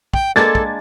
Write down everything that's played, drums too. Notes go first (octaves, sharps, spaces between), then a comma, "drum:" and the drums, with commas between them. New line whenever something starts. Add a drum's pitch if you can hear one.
G5, drum: kick
G#3 A#3 D4 A4 G#6 A6, drum: snare
drum: kick